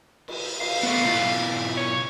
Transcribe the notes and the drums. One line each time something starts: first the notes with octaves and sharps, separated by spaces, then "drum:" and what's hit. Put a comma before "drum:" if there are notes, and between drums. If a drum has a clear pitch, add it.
drum: cymbal
F5, drum: cymbal
A3 B3
B2 E4 F4
C#5